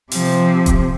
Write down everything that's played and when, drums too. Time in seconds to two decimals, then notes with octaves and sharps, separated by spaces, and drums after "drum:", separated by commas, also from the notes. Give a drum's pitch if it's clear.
0.11 C3 F3, drum: open hi-hat
0.66 drum: kick D#1, hi-hat